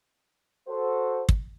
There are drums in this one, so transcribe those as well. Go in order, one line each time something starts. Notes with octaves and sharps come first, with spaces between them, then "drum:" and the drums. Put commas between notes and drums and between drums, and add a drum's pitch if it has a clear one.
F#4 A4 C5
drum: kick